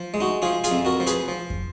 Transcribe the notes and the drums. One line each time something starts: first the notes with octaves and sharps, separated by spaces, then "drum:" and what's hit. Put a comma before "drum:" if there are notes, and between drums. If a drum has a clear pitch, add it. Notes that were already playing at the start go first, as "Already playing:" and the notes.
Already playing: F3
G#3
D#4 F#4
F3 F4 G#4
F4 G#4, drum: hi-hat
F2
F#4 A#4
F3
G#4 B4, drum: hi-hat
F3
drum: kick